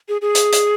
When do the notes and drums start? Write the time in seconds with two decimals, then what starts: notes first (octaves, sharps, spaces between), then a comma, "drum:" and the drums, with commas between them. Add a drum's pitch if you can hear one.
0.09 G#4
0.21 G#4
0.35 drum: hi-hat
0.53 drum: hi-hat